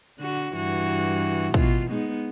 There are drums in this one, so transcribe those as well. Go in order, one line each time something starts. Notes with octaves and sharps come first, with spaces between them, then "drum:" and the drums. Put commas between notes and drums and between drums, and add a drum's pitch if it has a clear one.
D3 F#4
G2 E3 F#4
B2 E3 F4, drum: kick
G#3 B3 D#4